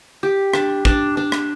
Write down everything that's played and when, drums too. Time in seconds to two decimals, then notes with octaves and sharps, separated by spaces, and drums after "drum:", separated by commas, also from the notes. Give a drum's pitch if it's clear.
0.23 G4
0.54 D4, drum: rim click
0.85 D4, drum: kick
1.17 D4
1.32 drum: rim click